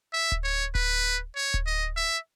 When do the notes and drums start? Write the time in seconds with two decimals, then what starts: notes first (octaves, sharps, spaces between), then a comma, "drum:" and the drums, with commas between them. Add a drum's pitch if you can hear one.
0.13 E5
0.32 drum: kick D1
0.44 C#5
0.75 B4, drum: kick D1
1.36 C#5
1.54 drum: kick D1
1.66 D#5
1.97 E5